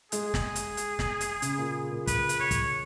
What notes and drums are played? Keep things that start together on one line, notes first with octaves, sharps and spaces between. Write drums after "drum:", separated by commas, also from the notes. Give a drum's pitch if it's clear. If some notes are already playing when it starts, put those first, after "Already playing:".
G#3 G#4, drum: hi-hat
drum: snare
drum: hi-hat
drum: hi-hat
drum: snare
drum: hi-hat
C#3, drum: hi-hat
A#2
A#2
B4, drum: kick, hi-hat
drum: hi-hat
C#5
drum: kick, hi-hat